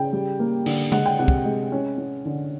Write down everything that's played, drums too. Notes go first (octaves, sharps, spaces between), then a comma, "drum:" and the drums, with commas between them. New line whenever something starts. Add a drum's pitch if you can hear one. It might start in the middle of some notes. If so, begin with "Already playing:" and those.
Already playing: C#3 G5
G3
A#3
D3, drum: cymbal
G#3 F#5, drum: tom C#3
G5
C3 F#5
drum: kick
G#3
C#4
C#4
D3